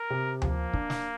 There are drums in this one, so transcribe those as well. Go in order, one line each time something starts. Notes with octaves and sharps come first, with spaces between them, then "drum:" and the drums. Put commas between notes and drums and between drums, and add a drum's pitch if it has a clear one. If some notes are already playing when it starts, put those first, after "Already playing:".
Already playing: A#4
C3
F3 A#3, drum: tom D2
D4, drum: kick
drum: snare